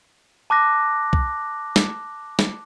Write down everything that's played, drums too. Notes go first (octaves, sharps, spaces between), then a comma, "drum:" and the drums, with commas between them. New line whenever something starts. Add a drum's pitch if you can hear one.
A5 D6 F#6 A#6
drum: kick B1
drum: snare
drum: snare